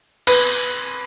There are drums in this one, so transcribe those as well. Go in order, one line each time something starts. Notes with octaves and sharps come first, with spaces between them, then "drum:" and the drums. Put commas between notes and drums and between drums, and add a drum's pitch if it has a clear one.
B4, drum: cymbal